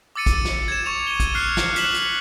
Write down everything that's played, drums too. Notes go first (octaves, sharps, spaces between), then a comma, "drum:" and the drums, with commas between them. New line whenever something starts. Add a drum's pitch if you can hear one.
D6 E6 A6 C#7 D#7
drum: kick, hi-hat
drum: snare
G#6 E7
C#6 D6 F7
D#7 G7
drum: kick, hi-hat
C#6 F6 F#6 C7 C#7 F7
drum: snare
F#6 B6 C#7 E7 F#7, drum: hi-hat
drum: hi-hat